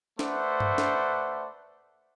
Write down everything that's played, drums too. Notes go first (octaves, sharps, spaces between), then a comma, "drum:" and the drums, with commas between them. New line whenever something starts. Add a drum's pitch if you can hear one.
A3 B4 C5 D5 E5 F#5, drum: snare
drum: tom G2
drum: snare